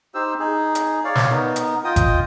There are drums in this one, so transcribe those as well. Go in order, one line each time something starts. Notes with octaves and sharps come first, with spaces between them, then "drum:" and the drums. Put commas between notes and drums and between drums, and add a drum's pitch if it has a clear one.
D#4 G4 C5 E6
D#4 G#4
drum: hi-hat
C#5 D5 F5
drum: snare
B3 D#4 A#4
drum: hi-hat
F4 D#5 G5 D#6
drum: kick G1, hi-hat